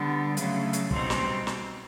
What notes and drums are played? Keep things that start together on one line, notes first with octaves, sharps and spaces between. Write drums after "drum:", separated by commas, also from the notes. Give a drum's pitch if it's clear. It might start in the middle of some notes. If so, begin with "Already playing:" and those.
Already playing: D3 G3 B3
C#3 F#3 A3, drum: hi-hat
drum: hi-hat
B2 G3 C4 D#4, drum: kick
drum: snare
drum: snare